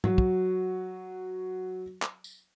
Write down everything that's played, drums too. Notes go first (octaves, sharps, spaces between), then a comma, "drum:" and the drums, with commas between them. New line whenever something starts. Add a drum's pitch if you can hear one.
F#3 F#4, drum: tom
drum: kick
drum: clap
drum: tambourine